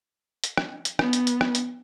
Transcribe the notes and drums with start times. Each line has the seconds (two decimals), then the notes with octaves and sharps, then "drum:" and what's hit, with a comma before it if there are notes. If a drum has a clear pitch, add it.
0.44 drum: hi-hat
0.57 drum: rim click
0.85 drum: hi-hat
0.99 B3, drum: rim click
1.13 drum: hi-hat
1.27 drum: hi-hat
1.41 drum: rim click
1.55 drum: hi-hat